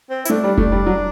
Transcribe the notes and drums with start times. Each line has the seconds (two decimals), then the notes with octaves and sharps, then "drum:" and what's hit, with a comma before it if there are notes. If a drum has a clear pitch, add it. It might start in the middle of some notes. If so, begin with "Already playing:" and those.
0.10 C4
0.25 E4, drum: hi-hat
0.30 A3 D4
0.44 G3
0.58 A3, drum: kick F1
0.72 G3
0.86 F#3